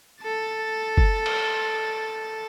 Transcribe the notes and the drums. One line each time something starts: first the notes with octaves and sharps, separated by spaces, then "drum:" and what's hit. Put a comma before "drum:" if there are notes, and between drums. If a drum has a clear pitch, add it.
A4 A6
drum: kick F#1
drum: cymbal